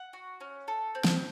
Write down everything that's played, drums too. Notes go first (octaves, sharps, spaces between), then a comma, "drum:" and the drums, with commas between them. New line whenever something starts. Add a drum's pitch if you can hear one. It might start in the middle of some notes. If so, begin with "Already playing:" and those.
Already playing: F#5
F#4
C#4
A4
C4
drum: snare